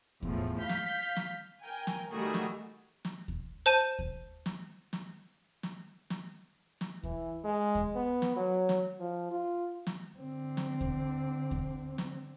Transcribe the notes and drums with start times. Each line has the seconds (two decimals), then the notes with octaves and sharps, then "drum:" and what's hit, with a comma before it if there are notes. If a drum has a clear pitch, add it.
0.22 E2 A2 F3, drum: kick D#2
0.60 F5 G6 B6
0.69 drum: snare
1.17 drum: snare
1.62 A#4 G5 G#5
1.87 drum: snare
2.11 D#3 G3 A3 F#4 G#4
2.34 drum: snare
3.05 drum: snare
3.28 drum: kick D#2
3.66 C5 A5 G6 D#7
3.99 drum: kick D#2
4.46 drum: snare
4.93 drum: snare
5.63 drum: snare
6.10 drum: snare
6.81 drum: snare
7.03 E3, drum: kick D#2
7.45 G#3
7.75 drum: kick D#2
7.96 B3
8.22 drum: snare
8.36 F#3
8.69 drum: snare
9.00 F3
9.31 F4
9.87 drum: snare
10.18 D3 C4
10.57 drum: snare
10.81 drum: kick D#2
11.51 drum: kick D#2
11.98 drum: snare